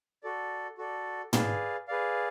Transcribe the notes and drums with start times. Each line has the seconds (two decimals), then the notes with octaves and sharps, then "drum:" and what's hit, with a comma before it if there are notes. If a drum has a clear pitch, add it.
0.23 F#4 A4 D5
0.78 F#4 A4 D5
1.33 G#4 B4 D5 F5, drum: tom
1.88 G#4 B4 D5 F5